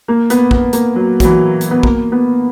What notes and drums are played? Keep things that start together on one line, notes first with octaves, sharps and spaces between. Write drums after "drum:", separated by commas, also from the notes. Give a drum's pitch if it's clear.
A#3
B3, drum: hi-hat
B3, drum: kick
A#3, drum: hi-hat
F#3
F#3, drum: kick, hi-hat
E3
drum: hi-hat
B3
A#3, drum: kick
B3